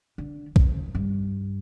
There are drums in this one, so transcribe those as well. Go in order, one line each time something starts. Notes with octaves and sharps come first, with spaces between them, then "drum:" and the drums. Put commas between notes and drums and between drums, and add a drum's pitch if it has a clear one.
D3
C#3, drum: kick
G2